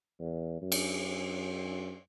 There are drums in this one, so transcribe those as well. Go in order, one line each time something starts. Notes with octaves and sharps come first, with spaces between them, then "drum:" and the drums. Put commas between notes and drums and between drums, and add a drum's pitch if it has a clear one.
E2
F#2
drum: cymbal